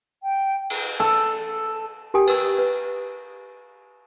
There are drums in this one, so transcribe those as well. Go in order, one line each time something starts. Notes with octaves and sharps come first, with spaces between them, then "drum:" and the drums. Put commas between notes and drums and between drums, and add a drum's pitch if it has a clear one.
G5
drum: cymbal
A4
G4 A#4 G5 G#5 D#6
B4 E6, drum: cymbal
B4